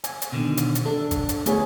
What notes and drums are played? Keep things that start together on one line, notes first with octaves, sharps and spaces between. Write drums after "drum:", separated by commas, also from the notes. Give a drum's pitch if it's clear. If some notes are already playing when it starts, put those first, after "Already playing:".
G#5, drum: hi-hat
drum: hi-hat
B2 D3 D#3
drum: hi-hat
drum: hi-hat
D4 A4
drum: kick G1, hi-hat
drum: hi-hat
A3 B3 G#4 C#5, drum: hi-hat